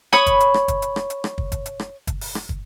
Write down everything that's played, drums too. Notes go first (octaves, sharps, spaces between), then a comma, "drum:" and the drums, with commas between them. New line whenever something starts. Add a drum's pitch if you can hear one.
C#5 B5 D#6, drum: rim click
drum: kick, hi-hat
drum: hi-hat
drum: rim click
drum: kick, hi-hat
drum: hi-hat
drum: rim click
drum: hi-hat
drum: rim click
drum: kick
drum: kick, hi-hat
drum: hi-hat
drum: rim click
drum: kick, hi-hat
drum: open hi-hat
drum: rim click
drum: kick